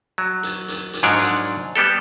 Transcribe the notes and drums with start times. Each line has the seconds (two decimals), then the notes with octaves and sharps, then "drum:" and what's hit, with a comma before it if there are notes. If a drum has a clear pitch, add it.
0.18 F#3
0.43 drum: hi-hat
0.68 drum: hi-hat
0.93 drum: hi-hat
1.03 G#2 F3 F#3 D4 C#5 D5
1.18 drum: hi-hat
1.76 G3 B3 G4 A4